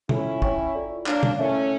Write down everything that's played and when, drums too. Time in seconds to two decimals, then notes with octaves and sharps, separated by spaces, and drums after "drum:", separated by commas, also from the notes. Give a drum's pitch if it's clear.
0.09 C#4 E4 F4 A4 E5, drum: tom
0.42 C#5 G5 C#6, drum: kick
0.75 F4 A4 D5
1.06 A#3 D4 C#5 F5 A5, drum: clap
1.23 drum: tom
1.39 A3 C#4 E4 A#4 C#5 E5